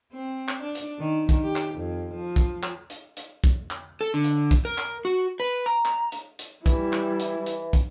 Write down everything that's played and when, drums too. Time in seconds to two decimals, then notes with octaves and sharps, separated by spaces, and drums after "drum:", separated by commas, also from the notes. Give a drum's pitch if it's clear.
0.13 C4
0.48 drum: clap
0.63 D4
0.75 drum: hi-hat
0.99 D#3
1.29 drum: kick, hi-hat
1.43 G4
1.56 drum: clap
1.75 F2
2.15 F3
2.36 drum: kick, hi-hat
2.63 drum: clap
2.90 drum: hi-hat
3.17 drum: hi-hat
3.44 drum: kick, hi-hat
3.71 drum: clap
4.01 A4
4.14 D3
4.24 drum: hi-hat
4.51 drum: kick, hi-hat
4.65 A#4
4.78 drum: clap
5.05 F#4
5.40 B4
5.66 A#5
5.85 drum: clap
6.12 drum: hi-hat
6.39 drum: hi-hat
6.66 E3 G3 E4, drum: kick, hi-hat
6.93 drum: clap
7.20 drum: hi-hat
7.46 drum: hi-hat
7.73 drum: kick, hi-hat